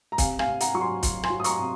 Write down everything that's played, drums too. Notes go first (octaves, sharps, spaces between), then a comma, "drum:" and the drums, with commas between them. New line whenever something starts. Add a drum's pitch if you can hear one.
A#5
C3 F5 G#5, drum: kick, hi-hat
F5 G#5, drum: rim click
C3
F#5 A#5, drum: hi-hat
F#3 C#6
G#5 C6
F#3, drum: kick, hi-hat
G#5 C6, drum: rim click
F#3
D#6
A#5 C#6, drum: hi-hat
C3